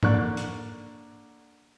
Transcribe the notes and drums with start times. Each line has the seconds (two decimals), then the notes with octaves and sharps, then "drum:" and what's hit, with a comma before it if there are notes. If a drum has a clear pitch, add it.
0.03 D3 A#3 D5 C#6 F#6, drum: tom G#2
0.37 drum: hi-hat